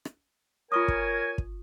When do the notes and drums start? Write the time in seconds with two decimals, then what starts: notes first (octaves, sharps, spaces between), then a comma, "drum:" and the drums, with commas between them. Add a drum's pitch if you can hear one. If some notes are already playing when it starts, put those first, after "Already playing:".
0.05 drum: rim click
0.72 F4 A#4 C#5 G#5 C#6 D#6
0.88 drum: kick
1.38 drum: kick